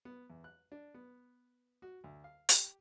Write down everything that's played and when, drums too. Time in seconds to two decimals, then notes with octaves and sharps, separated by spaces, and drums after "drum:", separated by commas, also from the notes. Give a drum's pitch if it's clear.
0.05 B3
0.30 E2
0.44 F#6
0.72 D4
0.94 B3
1.82 F#4
2.04 D2
2.24 F5
2.49 G4, drum: hi-hat